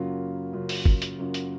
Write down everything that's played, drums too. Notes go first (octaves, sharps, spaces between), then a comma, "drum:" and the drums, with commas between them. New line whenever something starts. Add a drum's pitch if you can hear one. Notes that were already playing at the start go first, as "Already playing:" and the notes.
Already playing: F#2 C#3 F#3 A#3 F4
F#2 C#3 F#3 A#3 F4
drum: open hi-hat
drum: kick
drum: hi-hat
F#2 C#3 F#3 A#3 F4
drum: hi-hat